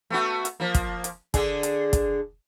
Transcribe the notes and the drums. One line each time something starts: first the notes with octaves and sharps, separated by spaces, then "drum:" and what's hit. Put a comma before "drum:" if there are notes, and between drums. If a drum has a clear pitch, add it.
A3 B3 F#4
drum: hi-hat
F3 A#3
drum: kick, hi-hat
drum: hi-hat
D3 D4 G#4, drum: kick, hi-hat
drum: hi-hat
drum: kick, hi-hat